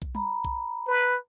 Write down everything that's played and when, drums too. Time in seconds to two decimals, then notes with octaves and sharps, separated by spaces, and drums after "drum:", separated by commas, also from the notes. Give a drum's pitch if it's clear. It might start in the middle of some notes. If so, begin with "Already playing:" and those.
0.02 drum: kick B1
0.15 A#5 B5, drum: tom G3
0.45 drum: kick B1
0.87 B4